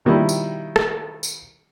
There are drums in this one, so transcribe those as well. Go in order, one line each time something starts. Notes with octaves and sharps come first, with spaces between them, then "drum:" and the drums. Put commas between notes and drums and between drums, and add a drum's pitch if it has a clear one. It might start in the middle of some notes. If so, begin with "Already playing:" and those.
B2 D#3 F3 G3 E4
drum: tambourine
drum: rim click
drum: tambourine